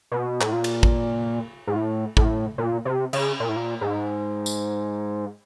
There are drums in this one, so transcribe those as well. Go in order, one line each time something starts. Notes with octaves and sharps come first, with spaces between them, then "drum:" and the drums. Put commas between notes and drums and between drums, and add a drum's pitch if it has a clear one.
B2
A2, drum: clap
A#2
drum: cymbal
drum: kick
G#2
A2
A2, drum: kick
A#2
C3
C#3, drum: cymbal
A#2
A2
A#2
G#2
drum: tambourine